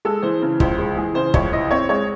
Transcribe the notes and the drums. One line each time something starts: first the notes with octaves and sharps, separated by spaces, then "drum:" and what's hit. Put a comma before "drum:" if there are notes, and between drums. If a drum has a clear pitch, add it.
G#3 A4
E3 C5
C#3
C#2 C5, drum: kick
G#3
E3 G#4
C#3 C5
C#2 C#5, drum: kick
E4 D#5
C4 C#5
G#3 C#5